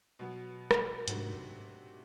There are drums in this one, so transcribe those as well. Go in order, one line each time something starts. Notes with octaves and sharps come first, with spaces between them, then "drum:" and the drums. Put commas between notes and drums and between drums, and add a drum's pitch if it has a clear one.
B2 F#3 B3
drum: rim click
G#2 C3 D#3 F#3 A3 D4, drum: hi-hat